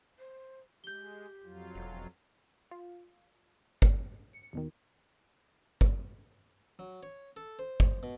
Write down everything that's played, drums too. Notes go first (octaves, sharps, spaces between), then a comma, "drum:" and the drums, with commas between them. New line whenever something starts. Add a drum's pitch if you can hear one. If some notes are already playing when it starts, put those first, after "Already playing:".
C5
G#3 G4 G6 G7
F2 F#3 F4
E1
F4
drum: kick G1
C#7
D#2 B2 D#3
drum: kick G1
F#3
C#5
A4
C5
drum: kick G1
B2